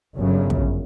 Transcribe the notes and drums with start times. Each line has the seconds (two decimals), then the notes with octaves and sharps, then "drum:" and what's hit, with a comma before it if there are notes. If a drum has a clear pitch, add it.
0.15 G1 F#2 C#3
0.50 drum: kick